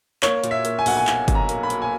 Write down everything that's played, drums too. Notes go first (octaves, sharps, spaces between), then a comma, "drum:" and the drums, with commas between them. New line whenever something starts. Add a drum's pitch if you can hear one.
A#3 C#5, drum: clap
A#2, drum: hi-hat
E5
A#3, drum: hi-hat
G#5
B1 F#5, drum: open hi-hat
G#5
A#3, drum: clap
B1, drum: kick G1, hi-hat
A#5
A#3, drum: hi-hat
B5
A#3, drum: hi-hat
G#5